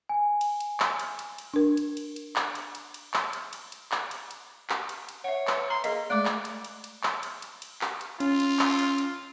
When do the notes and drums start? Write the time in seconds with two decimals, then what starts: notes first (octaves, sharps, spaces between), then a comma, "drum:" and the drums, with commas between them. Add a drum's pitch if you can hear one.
0.09 G#5
0.41 drum: cymbal
0.60 drum: cymbal
0.80 drum: clap
0.99 drum: cymbal
1.19 drum: cymbal
1.38 drum: cymbal
1.54 D4 A#4
1.77 drum: cymbal
1.97 drum: cymbal
2.16 drum: cymbal
2.36 drum: clap
2.55 drum: cymbal
2.75 drum: cymbal
2.94 drum: cymbal
3.14 drum: clap
3.33 drum: cymbal
3.53 drum: cymbal
3.72 drum: cymbal
3.92 drum: clap
4.11 drum: cymbal
4.31 drum: cymbal
4.70 drum: clap
4.89 drum: cymbal
5.09 drum: cymbal
5.24 C#5 E5 F#5
5.47 B4, drum: clap
5.70 A#5 C6
5.84 A#3 G#4 D#5, drum: cymbal
6.10 G#3 A3 D5 D6
6.25 drum: clap
6.45 drum: cymbal
6.64 drum: cymbal
6.84 drum: cymbal
7.03 drum: clap
7.23 drum: cymbal
7.42 drum: cymbal
7.62 drum: cymbal
7.81 drum: clap
8.01 drum: cymbal
8.20 C#4 F4, drum: cymbal
8.40 drum: cymbal
8.59 drum: clap
8.79 drum: cymbal
8.98 drum: cymbal